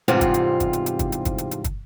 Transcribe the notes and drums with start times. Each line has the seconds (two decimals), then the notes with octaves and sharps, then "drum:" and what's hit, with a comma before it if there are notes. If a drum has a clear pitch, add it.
0.08 E2 G#2 C3 G3 C4 F4, drum: hi-hat
0.21 drum: kick, hi-hat
0.34 drum: hi-hat
0.60 drum: kick, hi-hat
0.73 drum: hi-hat
0.86 drum: hi-hat
0.99 drum: kick, hi-hat
1.12 drum: hi-hat
1.25 drum: kick, hi-hat
1.38 drum: hi-hat
1.51 drum: hi-hat
1.64 drum: kick, hi-hat